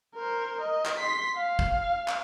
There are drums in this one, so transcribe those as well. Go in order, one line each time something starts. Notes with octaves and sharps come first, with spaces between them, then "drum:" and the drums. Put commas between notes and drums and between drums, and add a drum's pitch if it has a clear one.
A#4 C5
D#5
drum: clap
C6 B6
F5
drum: kick
drum: clap